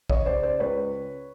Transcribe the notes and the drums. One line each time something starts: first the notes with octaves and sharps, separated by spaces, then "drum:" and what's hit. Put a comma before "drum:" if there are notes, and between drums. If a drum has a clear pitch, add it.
C#5 D#5, drum: kick
C#3 C5 D5
C5 D5
C#2 B4 C#5